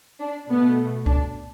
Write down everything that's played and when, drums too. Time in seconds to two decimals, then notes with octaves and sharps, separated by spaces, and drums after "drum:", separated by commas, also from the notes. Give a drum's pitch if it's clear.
0.21 D4
0.49 B2 A3 B3
1.06 D4, drum: kick C#2